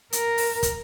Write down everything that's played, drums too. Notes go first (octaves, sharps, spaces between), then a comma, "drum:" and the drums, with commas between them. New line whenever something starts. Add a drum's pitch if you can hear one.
A#4, drum: hi-hat
drum: open hi-hat
drum: kick, hi-hat